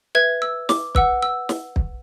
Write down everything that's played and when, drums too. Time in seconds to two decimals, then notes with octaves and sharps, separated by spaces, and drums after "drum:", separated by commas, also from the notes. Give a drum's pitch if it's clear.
0.15 B4 E5 G#6
0.42 E6
0.69 D6, drum: snare
0.95 B4 F#5 E6, drum: kick
1.23 E6
1.49 drum: snare
1.76 drum: kick